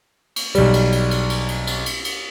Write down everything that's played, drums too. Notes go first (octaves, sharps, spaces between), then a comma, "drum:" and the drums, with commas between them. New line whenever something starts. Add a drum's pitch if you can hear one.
drum: cymbal
B1 G3, drum: cymbal
drum: cymbal
drum: cymbal
drum: cymbal
drum: cymbal
drum: cymbal
drum: cymbal
drum: cymbal
drum: cymbal